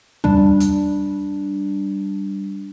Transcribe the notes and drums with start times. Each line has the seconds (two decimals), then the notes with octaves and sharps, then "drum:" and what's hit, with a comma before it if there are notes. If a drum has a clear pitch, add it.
0.24 G3 D4, drum: tom
0.60 drum: hi-hat